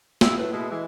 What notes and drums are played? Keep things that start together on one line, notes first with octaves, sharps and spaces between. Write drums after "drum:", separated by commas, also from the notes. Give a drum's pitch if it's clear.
B3 E4 F4 G4, drum: snare
A2 B4
B2 G#3 A3 E4
E3 G#3